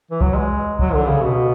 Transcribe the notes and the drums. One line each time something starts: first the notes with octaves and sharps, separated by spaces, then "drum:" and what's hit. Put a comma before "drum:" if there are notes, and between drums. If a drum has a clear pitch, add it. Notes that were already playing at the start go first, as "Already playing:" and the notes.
E3
F#3, drum: kick C2
G#3
F#3, drum: kick C2
D3
C#3
B2